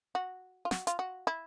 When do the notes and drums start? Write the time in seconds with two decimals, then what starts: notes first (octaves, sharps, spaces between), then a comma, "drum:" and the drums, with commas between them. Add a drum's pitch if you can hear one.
0.15 F#4
0.65 F4
0.71 F#4, drum: snare
0.87 F4, drum: hi-hat
0.99 F#4
1.27 E4